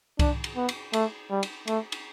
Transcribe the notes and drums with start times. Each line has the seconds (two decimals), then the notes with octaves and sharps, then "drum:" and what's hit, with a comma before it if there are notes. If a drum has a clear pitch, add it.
0.19 D4, drum: kick C2, cymbal
0.44 drum: cymbal
0.56 B3
0.69 drum: cymbal
0.93 A3, drum: cymbal
1.30 G3
1.43 drum: cymbal
1.67 A3, drum: cymbal
1.92 drum: cymbal